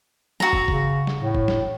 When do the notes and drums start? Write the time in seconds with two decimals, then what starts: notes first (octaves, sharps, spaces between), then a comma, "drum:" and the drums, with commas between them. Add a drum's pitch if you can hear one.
0.40 F#4 A#5, drum: snare
0.53 drum: kick
0.68 C#3, drum: kick
1.07 drum: snare
1.21 A2
1.35 drum: kick
1.48 drum: snare